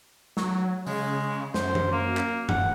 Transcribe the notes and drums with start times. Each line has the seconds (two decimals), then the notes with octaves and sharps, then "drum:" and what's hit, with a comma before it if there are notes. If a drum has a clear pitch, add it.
0.37 F#3, drum: snare
0.87 C#3 G#3, drum: open hi-hat
1.54 F#2 C5, drum: snare
1.75 drum: tom E3
1.92 A#3
2.17 drum: clap
2.49 D1 F#5, drum: tom F#2